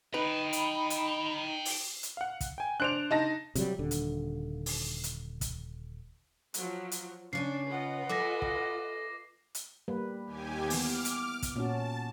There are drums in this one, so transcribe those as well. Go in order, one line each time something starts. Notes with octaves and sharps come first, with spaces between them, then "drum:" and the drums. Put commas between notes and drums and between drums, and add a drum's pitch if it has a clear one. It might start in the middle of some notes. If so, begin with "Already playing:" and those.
D#4 B4 G5 A#5 B5
drum: hi-hat
drum: hi-hat
drum: open hi-hat
drum: hi-hat
F5 F#5
drum: kick, hi-hat
G5 G#5
D4 C5 D5 F#6 D7 F7
D#4 A5 A#6
C3 F#3 G3, drum: hi-hat
D#1 D3
drum: hi-hat
drum: open hi-hat
drum: hi-hat
drum: kick, hi-hat
F3 F#3, drum: hi-hat
drum: hi-hat
C#3 D4 C#5 G#5 C7
F4 B4 D#5 F#5
A4 E5 G#5 D6 A#6
drum: kick
drum: hi-hat
G3 A#3 B4
D#2 G4 G#5
E3 B3 D6 F6, drum: open hi-hat
drum: hi-hat
drum: kick, hi-hat
A#2 C#4 F#4 A5